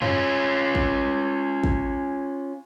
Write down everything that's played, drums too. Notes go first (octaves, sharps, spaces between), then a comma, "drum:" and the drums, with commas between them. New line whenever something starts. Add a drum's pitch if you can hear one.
C#4 F4, drum: tom
drum: kick
drum: kick